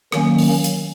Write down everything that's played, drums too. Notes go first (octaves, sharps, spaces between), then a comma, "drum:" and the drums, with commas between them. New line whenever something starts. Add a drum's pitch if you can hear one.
D#3 F#3 A#3 C#4, drum: rim click
drum: open hi-hat
drum: hi-hat